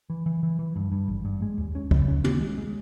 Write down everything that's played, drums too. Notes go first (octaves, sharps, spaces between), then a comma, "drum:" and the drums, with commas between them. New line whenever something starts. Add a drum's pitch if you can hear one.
E3
E3
E3
E3
G2
G2
G#1
G2
G#3
D#2
C#4
C#3, drum: kick
C#4
C#4, drum: tom
G#3
G#3